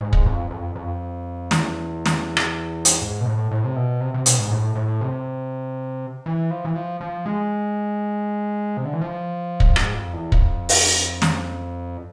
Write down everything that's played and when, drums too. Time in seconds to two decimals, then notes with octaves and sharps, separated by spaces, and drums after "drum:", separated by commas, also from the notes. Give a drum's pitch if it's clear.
0.01 G#2
0.13 drum: kick
0.26 F2
0.51 F2
0.75 F2
1.51 E2, drum: snare
2.06 drum: snare
2.37 drum: rim click
2.85 drum: hi-hat
3.01 G#2
3.21 B2
3.26 A2
3.51 A2
3.64 C3
3.76 B2
4.01 C3
4.14 C3
4.26 B2, drum: hi-hat
4.39 G#2
4.51 A2
4.75 A2
5.01 C3
6.26 E3
6.51 F3
6.65 E3
6.76 F3
7.01 F3
7.26 G#3
8.77 C3
8.85 D3
8.94 E3
9.01 F3
9.60 drum: kick
9.76 G#2, drum: rim click
9.95 F2
10.13 E2
10.32 F2, drum: kick
10.69 drum: open hi-hat
11.22 drum: snare